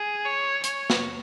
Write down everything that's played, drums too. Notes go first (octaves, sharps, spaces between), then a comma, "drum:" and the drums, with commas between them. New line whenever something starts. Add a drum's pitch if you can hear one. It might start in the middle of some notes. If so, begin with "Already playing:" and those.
Already playing: G#4
C#5
C#5, drum: hi-hat
drum: snare